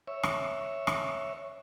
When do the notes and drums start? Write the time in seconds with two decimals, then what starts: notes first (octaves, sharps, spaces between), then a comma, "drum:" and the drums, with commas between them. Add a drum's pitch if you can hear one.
0.07 C#5 E5
0.23 drum: rim click
0.87 drum: rim click